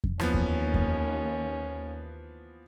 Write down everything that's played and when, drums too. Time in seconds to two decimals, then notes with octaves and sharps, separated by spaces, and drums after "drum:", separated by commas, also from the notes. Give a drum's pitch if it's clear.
0.04 drum: kick F2
0.20 D#2 E3 F3 B3 C#4, drum: rim click
0.34 drum: kick F2
0.74 drum: kick F2